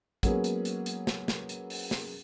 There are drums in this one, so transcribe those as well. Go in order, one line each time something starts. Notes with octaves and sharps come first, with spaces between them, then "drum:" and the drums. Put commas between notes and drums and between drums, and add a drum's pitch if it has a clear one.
F#3 G#3 A#3 B3 C#4 G#4, drum: kick, hi-hat
drum: hi-hat
drum: hi-hat
drum: hi-hat
drum: snare
drum: snare
drum: hi-hat
drum: open hi-hat
drum: snare